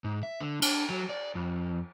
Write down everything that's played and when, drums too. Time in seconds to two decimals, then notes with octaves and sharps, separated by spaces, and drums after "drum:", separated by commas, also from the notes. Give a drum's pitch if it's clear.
0.04 G#2
0.23 E5
0.41 D3
0.62 D4, drum: cymbal
0.90 F#3
1.09 D5
1.35 F2